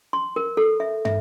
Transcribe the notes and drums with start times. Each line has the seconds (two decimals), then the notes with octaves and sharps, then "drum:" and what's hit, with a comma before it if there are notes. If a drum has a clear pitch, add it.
0.13 C6
0.36 A#4
0.57 A4
0.80 E5
1.05 E5, drum: tom